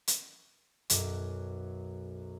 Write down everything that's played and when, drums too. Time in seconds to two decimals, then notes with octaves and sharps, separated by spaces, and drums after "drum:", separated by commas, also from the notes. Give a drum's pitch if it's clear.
0.08 drum: hi-hat
0.90 B1 F#2 F#4 D6, drum: hi-hat